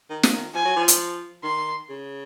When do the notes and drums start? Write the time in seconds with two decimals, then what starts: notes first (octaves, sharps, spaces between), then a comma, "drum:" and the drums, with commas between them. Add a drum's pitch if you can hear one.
0.10 D#3
0.23 drum: snare
0.33 D#3
0.54 F3 G#5
0.65 F#3
0.76 F3
0.88 drum: hi-hat
1.44 D#3 C6
1.90 C#3